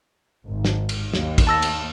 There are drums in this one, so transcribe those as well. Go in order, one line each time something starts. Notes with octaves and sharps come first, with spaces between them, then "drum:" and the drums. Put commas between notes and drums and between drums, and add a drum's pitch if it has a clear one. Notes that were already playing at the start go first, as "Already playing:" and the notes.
G#1
drum: snare
drum: cymbal
D#2, drum: snare
drum: kick, cymbal
A5 E6 A#6
drum: cymbal